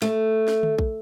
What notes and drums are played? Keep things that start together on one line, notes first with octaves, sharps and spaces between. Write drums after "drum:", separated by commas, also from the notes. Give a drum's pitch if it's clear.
A3, drum: snare
drum: snare
drum: tom D3
drum: kick A#1